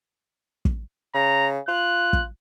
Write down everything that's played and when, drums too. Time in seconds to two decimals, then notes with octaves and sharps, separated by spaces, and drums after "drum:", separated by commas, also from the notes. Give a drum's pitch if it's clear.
0.65 drum: kick
1.14 C#3 A#5
1.68 F4 F#6
2.13 drum: kick